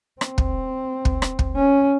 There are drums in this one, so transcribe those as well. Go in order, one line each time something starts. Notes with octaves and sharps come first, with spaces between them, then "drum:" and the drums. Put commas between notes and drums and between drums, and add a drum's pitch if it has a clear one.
C4, drum: rim click
drum: kick
drum: kick
drum: rim click
drum: kick
C#4